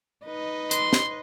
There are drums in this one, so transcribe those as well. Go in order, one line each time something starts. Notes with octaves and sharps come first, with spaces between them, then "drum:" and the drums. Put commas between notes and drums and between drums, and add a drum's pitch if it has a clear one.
D#4 B4 D#5
C6, drum: hi-hat
drum: snare